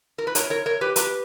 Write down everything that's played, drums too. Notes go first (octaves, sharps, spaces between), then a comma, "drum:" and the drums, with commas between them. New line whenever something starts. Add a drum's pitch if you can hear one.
A#4
B4
A#4 C#5, drum: hi-hat
A#4 C#5
A#4 C#5
G4 B4
G4 B4, drum: hi-hat